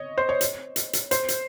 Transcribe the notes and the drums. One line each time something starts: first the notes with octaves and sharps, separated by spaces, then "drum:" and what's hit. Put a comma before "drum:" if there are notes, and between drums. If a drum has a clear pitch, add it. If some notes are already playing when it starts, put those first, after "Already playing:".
Already playing: C#5 D#5
C5
C#5
drum: hi-hat
drum: hi-hat
drum: hi-hat
C5, drum: hi-hat
drum: hi-hat